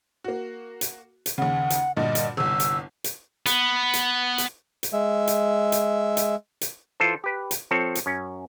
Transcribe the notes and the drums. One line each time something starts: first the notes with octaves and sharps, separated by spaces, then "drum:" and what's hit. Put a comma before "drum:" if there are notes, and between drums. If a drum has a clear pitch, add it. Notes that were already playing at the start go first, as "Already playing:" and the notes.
A#3 F#4
drum: hi-hat
drum: hi-hat
D#2 C#3 F#5
drum: hi-hat
D2 G2 A#2 D#5
drum: hi-hat
G1 C2 E6
drum: hi-hat
drum: hi-hat
B3, drum: hi-hat
drum: hi-hat
drum: hi-hat
drum: hi-hat
G#3 E5
drum: hi-hat
drum: hi-hat
drum: hi-hat
drum: hi-hat
E3 F4 A4 C5
G4 B4
drum: hi-hat
F3 C4 A4 C#5
drum: hi-hat
F#2 C#4